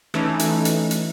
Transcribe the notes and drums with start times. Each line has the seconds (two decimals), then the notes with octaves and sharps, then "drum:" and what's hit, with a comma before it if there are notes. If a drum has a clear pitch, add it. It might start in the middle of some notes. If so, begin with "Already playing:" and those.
0.14 E3 A3 C#4 D#4, drum: rim click
0.39 drum: hi-hat
0.65 drum: hi-hat
0.91 drum: hi-hat